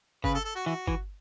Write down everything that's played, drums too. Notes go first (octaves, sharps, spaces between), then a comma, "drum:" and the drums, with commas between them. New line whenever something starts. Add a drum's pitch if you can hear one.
C#3 B4, drum: kick G1
A4
A4
F#4
E3 F#4
E3, drum: kick G1